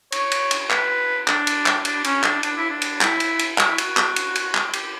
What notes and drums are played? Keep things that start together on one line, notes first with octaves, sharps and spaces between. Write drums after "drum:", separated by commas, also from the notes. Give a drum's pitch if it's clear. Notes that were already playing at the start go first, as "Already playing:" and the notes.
C#5, drum: cymbal
drum: cymbal
drum: cymbal
B4, drum: clap
D4, drum: clap
drum: cymbal
drum: clap
D4, drum: cymbal
C#4, drum: cymbal
D4, drum: clap
D4, drum: cymbal
E4
D4
drum: cymbal
E4, drum: clap
drum: cymbal
drum: cymbal
F#4, drum: clap
E4
F#4, drum: cymbal
drum: clap
drum: cymbal
drum: cymbal
drum: clap
G4, drum: cymbal